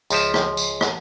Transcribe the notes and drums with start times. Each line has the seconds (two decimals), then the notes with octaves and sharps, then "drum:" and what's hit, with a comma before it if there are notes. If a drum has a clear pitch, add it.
0.10 C#2 F3 E5, drum: tambourine
0.34 drum: rim click
0.57 drum: tambourine
0.81 drum: rim click